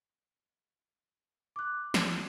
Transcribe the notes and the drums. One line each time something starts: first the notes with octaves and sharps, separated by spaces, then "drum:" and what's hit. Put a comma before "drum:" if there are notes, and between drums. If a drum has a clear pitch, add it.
D6 F#6
drum: snare